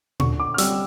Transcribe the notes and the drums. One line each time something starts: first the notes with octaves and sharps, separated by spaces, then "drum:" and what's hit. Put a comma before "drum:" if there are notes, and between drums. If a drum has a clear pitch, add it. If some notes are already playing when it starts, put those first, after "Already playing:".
D3 C#6, drum: tom A#2
D6
F6
G3 C4 E6, drum: hi-hat